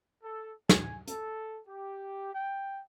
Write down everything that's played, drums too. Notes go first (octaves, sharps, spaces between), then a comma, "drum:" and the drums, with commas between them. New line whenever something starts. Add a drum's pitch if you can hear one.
A4
G#5, drum: snare
A4, drum: hi-hat
G4
G5